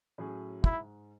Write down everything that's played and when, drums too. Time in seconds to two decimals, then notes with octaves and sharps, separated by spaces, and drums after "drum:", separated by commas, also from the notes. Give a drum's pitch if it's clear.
0.18 A2 F#3 C#4 G#4
0.64 G#2 E4, drum: kick